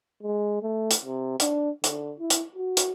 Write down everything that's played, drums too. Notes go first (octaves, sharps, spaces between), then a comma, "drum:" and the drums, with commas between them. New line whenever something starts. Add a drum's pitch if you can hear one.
G#3
A3
drum: hi-hat
C3
D4, drum: hi-hat
D3, drum: hi-hat
E4
drum: hi-hat
F#4
drum: hi-hat